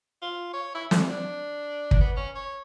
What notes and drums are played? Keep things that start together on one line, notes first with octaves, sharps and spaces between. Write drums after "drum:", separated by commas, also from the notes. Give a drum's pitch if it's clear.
F4
C#5
E4
D3, drum: snare
D4
drum: kick
B3
C#4
C#5